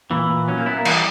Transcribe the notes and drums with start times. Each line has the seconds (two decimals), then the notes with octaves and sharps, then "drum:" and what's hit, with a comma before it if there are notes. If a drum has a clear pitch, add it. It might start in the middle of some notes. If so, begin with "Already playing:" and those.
0.11 A#2 E3
0.30 A#2
0.48 F#3 C#4
0.58 A#3
0.66 B3 E4
0.76 A#3
0.85 E3 G3, drum: cymbal